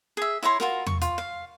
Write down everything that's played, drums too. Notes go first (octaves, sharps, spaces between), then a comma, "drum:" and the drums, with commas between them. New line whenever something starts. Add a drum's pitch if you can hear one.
G#4 E5
E4 C#5 A#5 C6
F4 F#4 A#4, drum: snare
C#6, drum: tom E2
F4, drum: hi-hat
F5